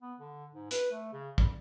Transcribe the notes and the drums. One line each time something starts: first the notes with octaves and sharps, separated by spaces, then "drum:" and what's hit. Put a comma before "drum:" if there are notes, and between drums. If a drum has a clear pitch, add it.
B3
D3
G#2
B4, drum: hi-hat
A3
C#3
G3, drum: kick